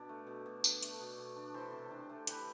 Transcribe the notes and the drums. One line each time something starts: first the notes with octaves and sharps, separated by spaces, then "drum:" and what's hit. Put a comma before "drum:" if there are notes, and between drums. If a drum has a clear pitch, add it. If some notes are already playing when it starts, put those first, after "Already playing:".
Already playing: B2 D4
A3
B2
B2
D4, drum: tambourine
A3, drum: hi-hat
B2
B2
D4
E3 A4 C5
C3
D4
A3
E3 G4 B4, drum: hi-hat